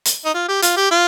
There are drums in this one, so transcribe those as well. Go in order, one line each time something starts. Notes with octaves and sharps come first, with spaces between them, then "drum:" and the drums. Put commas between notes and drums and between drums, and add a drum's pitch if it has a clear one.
drum: hi-hat
D#4
F4
G4
F4, drum: hi-hat
G4
F4